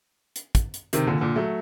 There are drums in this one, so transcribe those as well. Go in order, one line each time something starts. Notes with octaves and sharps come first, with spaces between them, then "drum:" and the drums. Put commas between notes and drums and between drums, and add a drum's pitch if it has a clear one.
drum: hi-hat
drum: kick, hi-hat
drum: hi-hat
C3 D#3, drum: hi-hat
A#2 D3
A#2 D3
F#3 A3